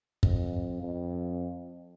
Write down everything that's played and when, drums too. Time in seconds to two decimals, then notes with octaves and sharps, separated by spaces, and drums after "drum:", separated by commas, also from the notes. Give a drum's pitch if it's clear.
0.23 F2, drum: kick
0.83 F2